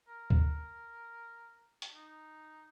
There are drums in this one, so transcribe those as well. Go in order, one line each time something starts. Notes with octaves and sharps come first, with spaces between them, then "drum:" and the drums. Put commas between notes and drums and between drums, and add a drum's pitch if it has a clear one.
A#4
drum: kick D2
drum: hi-hat
D#4